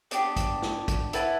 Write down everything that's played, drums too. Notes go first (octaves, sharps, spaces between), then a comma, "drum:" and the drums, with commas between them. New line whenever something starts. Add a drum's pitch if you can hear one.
B3 D4 G4, drum: hi-hat
drum: kick, hi-hat
drum: snare
drum: kick, hi-hat
E4 B4 F#5 A5, drum: hi-hat